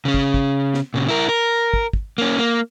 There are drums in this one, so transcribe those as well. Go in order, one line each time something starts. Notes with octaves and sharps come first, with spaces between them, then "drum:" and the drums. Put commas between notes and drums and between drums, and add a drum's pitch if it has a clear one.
C#3 C#4
drum: kick
drum: kick
drum: snare
A#2 C#3
E4 A#4
A#4
drum: kick
drum: kick
A#3 C#4
A#3